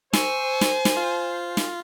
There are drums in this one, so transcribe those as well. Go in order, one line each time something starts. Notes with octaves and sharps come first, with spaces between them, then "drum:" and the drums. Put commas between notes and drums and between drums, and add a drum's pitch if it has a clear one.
C5 G#5 C#6 E6, drum: snare
drum: snare
drum: snare
F4
drum: snare